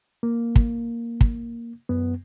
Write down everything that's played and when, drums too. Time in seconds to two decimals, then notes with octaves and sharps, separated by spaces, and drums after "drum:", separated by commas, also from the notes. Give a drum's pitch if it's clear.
0.23 A#3
0.56 drum: kick
1.21 drum: kick
1.89 F#2 B3